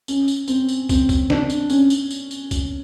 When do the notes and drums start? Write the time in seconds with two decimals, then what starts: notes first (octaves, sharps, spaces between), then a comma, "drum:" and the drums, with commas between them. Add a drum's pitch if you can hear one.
0.08 C#4, drum: tambourine
0.28 drum: tambourine
0.48 C4, drum: tambourine
0.69 drum: tambourine
0.89 C4, drum: kick, tambourine
1.09 drum: kick, tambourine
1.30 D4, drum: snare
1.50 drum: tambourine
1.70 C#4, drum: tambourine
1.90 drum: tambourine
2.11 drum: tambourine
2.31 drum: tambourine
2.51 drum: kick, tambourine